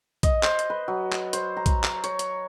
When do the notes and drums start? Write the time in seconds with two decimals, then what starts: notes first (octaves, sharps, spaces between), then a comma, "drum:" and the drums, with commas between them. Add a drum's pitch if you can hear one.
0.23 D#5, drum: kick, hi-hat
0.43 C5, drum: clap
0.59 drum: hi-hat
0.70 B4
0.88 F#3
1.12 drum: clap
1.33 C5, drum: hi-hat
1.57 A#5
1.66 drum: kick, hi-hat
1.84 drum: clap
2.04 C#5, drum: hi-hat
2.19 drum: hi-hat